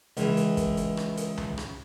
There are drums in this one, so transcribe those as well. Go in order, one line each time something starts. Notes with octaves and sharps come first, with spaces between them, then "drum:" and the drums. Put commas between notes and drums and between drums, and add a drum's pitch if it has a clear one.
C#2 E3, drum: hi-hat
drum: hi-hat
drum: kick, hi-hat
drum: hi-hat
drum: rim click
drum: hi-hat
drum: tom C2
drum: rim click